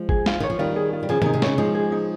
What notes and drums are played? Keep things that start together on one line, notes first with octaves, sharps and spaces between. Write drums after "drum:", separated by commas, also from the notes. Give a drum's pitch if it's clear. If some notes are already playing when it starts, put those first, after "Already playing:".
Already playing: F3 G#3
G#4, drum: kick
F4, drum: snare
D#3 C#5
F3
D#3 G3 F4
G#4
F4
G3
C#3 F3 G#4
C3 D#3 D#4, drum: tom D#3
C3
C#3 C#5, drum: snare
F3 G#3 D#4
G#4
D#4